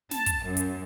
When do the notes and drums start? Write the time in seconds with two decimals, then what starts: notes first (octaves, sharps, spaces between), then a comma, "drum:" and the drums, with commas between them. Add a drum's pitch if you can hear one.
0.11 A5, drum: snare
0.26 drum: kick, hi-hat
0.45 F#2
0.57 drum: hi-hat